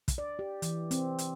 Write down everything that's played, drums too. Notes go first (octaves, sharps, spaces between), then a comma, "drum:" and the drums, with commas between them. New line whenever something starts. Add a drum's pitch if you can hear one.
drum: kick, hi-hat
D5
G4
E3, drum: hi-hat
C4, drum: hi-hat
drum: hi-hat